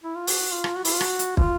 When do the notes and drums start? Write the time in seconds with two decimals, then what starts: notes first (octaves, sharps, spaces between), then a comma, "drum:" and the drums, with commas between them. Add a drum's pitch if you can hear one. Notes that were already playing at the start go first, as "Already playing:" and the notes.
0.03 E4
0.16 F4
0.27 F#4, drum: open hi-hat
0.52 F4
0.64 drum: rim click
0.76 F#4
0.85 E4, drum: open hi-hat
0.93 F4
1.01 F#4, drum: rim click
1.19 drum: hi-hat
1.37 F4, drum: kick